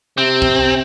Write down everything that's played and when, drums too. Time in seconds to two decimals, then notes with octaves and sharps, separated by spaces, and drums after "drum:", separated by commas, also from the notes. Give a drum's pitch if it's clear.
0.18 C3 C4
0.42 drum: kick